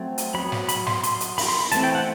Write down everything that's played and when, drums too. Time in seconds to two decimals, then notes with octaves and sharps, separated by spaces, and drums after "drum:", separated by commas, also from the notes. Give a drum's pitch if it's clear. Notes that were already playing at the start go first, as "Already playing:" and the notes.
Already playing: F#3 A3 C4
0.18 drum: hi-hat
0.34 F#3 B3 B5
0.52 drum: snare
0.69 B5, drum: hi-hat
0.87 C6, drum: snare
1.03 C6, drum: hi-hat
1.20 drum: hi-hat
1.38 B5, drum: open hi-hat
1.48 C6
1.60 B5
1.72 E3 A3 C4 A5, drum: hi-hat
1.84 G5
1.95 F#5